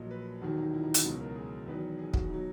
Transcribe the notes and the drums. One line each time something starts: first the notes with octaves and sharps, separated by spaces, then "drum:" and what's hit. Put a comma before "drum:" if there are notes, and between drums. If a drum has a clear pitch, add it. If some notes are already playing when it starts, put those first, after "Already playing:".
Already playing: A#1 A#2 F#3 D#5
B4
E1 D#2 D#3 F#3 F#4
D#4
E4
D#4
E4, drum: hi-hat
C#2 B2 F#3 F#4
A#4
G#4
E2 D#3 F#3 B4
G#4
F#4, drum: kick
B2 F#3 D#4